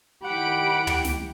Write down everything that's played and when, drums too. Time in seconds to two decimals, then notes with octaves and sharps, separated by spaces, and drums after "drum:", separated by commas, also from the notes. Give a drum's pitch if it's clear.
0.24 D#3 E4 G4 F#5 B5 D7
0.87 drum: tom
1.04 drum: snare